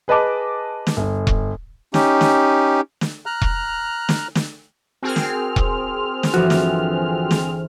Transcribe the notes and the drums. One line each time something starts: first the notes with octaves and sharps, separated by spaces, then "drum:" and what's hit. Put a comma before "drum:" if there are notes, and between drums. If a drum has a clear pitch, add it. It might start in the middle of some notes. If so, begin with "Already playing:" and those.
G#4 B4 D#5 A5 D6
drum: snare
G1
drum: kick E1
C#4 D#4 G4, drum: snare
drum: snare
drum: snare
A#5 F6 F#6
drum: kick E1
drum: snare
drum: snare
C4 F#4 G#4 A#4 F6
drum: snare
drum: kick E1
drum: snare
G1 E3 F3 F#4 D6
drum: snare
drum: snare